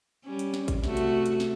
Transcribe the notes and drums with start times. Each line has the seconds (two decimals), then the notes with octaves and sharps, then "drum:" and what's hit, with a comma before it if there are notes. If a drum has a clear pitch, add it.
0.25 G3 C#4
0.39 drum: hi-hat
0.54 drum: snare
0.68 drum: kick A1, hi-hat
0.84 C3 A3 F#4, drum: snare
0.97 drum: hi-hat
1.26 drum: hi-hat
1.40 drum: snare